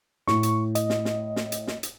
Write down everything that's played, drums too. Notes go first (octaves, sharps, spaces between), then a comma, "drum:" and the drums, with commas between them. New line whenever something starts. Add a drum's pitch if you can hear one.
A2 C#6, drum: snare
drum: hi-hat
D#5, drum: hi-hat
drum: snare
drum: snare
drum: snare
drum: hi-hat
drum: snare
drum: hi-hat